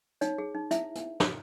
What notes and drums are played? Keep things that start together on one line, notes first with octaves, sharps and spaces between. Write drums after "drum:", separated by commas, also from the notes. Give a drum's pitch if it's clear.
D#4 C#5, drum: hi-hat
G#4
D#4
E4 E5, drum: hi-hat
drum: hi-hat
drum: snare